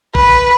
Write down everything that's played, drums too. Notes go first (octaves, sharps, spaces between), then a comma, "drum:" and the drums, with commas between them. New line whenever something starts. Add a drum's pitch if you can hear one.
B4, drum: kick A#1